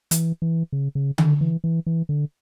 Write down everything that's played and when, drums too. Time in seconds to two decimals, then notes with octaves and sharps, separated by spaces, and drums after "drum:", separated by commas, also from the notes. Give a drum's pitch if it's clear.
0.11 E3, drum: hi-hat
0.42 E3
0.72 C#3
0.95 C#3
1.18 D3, drum: tom D3
1.41 E3
1.64 E3
1.86 E3
2.09 D3